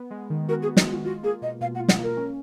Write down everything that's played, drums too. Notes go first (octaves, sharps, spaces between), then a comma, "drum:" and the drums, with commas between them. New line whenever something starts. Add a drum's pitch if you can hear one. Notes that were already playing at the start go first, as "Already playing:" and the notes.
Already playing: B3
G#3
D#3
F#4 A#4
G#4
B3
D#4, drum: snare
G#3 F4
F4 F#4
A#3 G#4
B2 D#5
B2 F5
F#5
F4
F#5, drum: snare
A#3 A#4
C#4